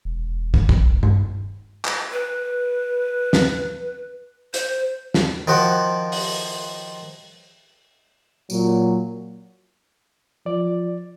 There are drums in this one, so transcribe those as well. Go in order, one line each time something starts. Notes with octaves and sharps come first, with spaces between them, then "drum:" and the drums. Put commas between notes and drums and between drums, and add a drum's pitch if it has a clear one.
E1
drum: kick
drum: kick
drum: tom G2
drum: clap
B4
drum: snare
C5, drum: hi-hat
drum: snare
D#3 F3 F#4
drum: open hi-hat
A#2 F#3, drum: tambourine
F3 D5